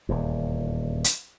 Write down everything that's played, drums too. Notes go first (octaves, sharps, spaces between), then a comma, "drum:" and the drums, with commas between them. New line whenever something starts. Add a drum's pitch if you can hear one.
D#1 E2
drum: hi-hat